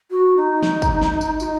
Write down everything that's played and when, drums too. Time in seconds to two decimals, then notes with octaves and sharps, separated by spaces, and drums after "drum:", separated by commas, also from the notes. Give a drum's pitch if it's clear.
0.10 F#4
0.37 D#4
0.63 drum: snare
0.82 drum: kick, tambourine
1.01 drum: snare
1.21 drum: tambourine
1.40 F#4, drum: tambourine
1.43 D#4